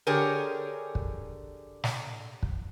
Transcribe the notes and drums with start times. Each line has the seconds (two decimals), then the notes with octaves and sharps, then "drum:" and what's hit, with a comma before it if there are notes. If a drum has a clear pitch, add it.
0.07 D3 G4 G#4 A#4 C#5
0.95 drum: kick
1.84 drum: snare
2.43 drum: kick